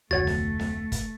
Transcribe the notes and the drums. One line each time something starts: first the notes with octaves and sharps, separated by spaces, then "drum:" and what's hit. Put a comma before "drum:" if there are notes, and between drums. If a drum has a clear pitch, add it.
F1 D2 A3 F#4 C#5 F#5 A6
drum: snare
drum: snare
drum: kick, hi-hat